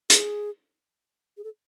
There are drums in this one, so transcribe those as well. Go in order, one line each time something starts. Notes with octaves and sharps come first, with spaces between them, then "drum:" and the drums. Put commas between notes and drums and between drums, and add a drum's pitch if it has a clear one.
G#4, drum: hi-hat
G#4
A4